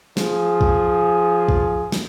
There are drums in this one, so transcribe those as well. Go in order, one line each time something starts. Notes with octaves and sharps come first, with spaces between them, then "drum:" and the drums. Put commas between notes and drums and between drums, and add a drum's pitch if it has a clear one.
F3 G#4, drum: snare
drum: kick
drum: kick
drum: snare